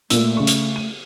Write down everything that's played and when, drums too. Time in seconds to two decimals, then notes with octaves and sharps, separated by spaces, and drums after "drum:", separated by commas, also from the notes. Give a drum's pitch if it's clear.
0.10 A#2 A3 E6, drum: hi-hat
0.37 C#3 C#6
0.47 drum: hi-hat
0.76 D#7